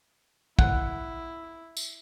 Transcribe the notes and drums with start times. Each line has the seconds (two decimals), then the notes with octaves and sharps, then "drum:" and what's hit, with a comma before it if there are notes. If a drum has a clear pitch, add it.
0.59 E4 F#5, drum: kick
1.77 drum: tambourine